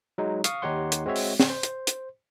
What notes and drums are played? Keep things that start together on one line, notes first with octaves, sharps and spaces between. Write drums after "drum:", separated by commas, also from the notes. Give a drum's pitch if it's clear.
F#3 G#3 D#4
F5 C#6 D#6, drum: hi-hat
D#2 D#4 G4 C#5 F#5 C6
drum: hi-hat
G#3 C4 F#4 C#5 E5
drum: open hi-hat
drum: snare
C5
drum: hi-hat
drum: hi-hat